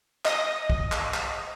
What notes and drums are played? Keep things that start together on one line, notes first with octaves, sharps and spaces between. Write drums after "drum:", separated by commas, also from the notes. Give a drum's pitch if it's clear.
D#5 D#6 A#6, drum: clap
drum: kick
drum: clap
drum: clap